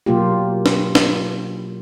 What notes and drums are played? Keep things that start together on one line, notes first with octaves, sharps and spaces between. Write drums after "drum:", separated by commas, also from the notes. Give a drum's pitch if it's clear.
B2 F#3 A#3 F4 G4
drum: snare
drum: snare